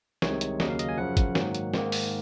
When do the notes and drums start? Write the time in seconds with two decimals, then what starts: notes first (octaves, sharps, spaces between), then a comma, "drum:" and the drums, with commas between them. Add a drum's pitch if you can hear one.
0.22 C2 C3 D#3 G#3 C#5, drum: snare
0.41 drum: hi-hat
0.60 D#2 C#3 F#3 A#3 D#5, drum: snare
0.70 F5
0.79 D#5, drum: hi-hat
0.89 G#5
0.97 F#2 C#3 F3 F#5
1.17 drum: kick, hi-hat
1.35 G#2 D#3 F#3 A#3, drum: snare
1.55 drum: hi-hat
1.74 G#2 D#3 A#3, drum: snare
1.92 drum: open hi-hat